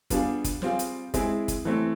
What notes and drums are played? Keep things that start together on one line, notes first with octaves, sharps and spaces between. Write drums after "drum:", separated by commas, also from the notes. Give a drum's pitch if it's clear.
G3 B3 D4 F4 G#4, drum: kick G1, hi-hat
drum: kick G1, hi-hat
G3 C4 F4 G#4, drum: snare
drum: hi-hat
G#3 C4 E4 G#4, drum: kick G1, hi-hat
drum: kick G1, hi-hat
E3 A3 C4